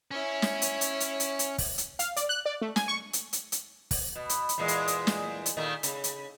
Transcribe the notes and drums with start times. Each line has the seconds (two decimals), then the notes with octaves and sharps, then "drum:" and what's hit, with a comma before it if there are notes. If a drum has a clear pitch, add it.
0.11 C#4 E4 C#5
0.42 drum: snare
0.62 drum: hi-hat
0.81 drum: hi-hat
1.00 drum: hi-hat
1.20 drum: hi-hat
1.39 drum: hi-hat
1.58 drum: kick, open hi-hat
1.78 drum: hi-hat
1.99 F5, drum: hi-hat
2.16 D5, drum: hi-hat
2.29 F#6
2.46 D5
2.61 A3
2.76 G#5, drum: snare
2.88 C#6
3.13 drum: hi-hat
3.33 drum: hi-hat
3.52 drum: hi-hat
3.91 drum: kick, open hi-hat
4.16 B2
4.29 drum: hi-hat
4.49 drum: hi-hat
4.58 E2 A#2 G#3
4.68 drum: hi-hat
4.88 drum: hi-hat
5.07 drum: snare
5.46 drum: hi-hat
5.57 A#2 D#3 A3
5.83 C#3, drum: hi-hat
6.04 drum: hi-hat